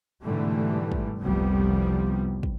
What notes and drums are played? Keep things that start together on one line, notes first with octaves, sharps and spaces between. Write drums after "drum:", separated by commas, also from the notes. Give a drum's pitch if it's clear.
G#2 B2 D3 E3 G3 A3
drum: kick
F1 C2 C3 F3 G3 B3
drum: kick